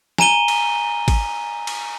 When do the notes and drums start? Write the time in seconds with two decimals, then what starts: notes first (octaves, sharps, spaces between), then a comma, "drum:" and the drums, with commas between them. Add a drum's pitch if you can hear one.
0.18 G#5 A#5 D#7 G7, drum: snare
0.48 drum: cymbal
1.08 drum: kick G#1, cymbal
1.67 drum: cymbal